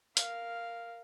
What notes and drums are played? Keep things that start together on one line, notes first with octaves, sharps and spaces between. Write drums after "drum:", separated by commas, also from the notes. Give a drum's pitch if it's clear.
A#4 F5, drum: hi-hat